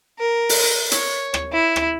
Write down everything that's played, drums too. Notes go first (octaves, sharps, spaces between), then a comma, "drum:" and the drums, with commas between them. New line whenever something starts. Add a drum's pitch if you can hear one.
A#4
drum: open hi-hat
C#5, drum: hi-hat
drum: rim click
E4
drum: rim click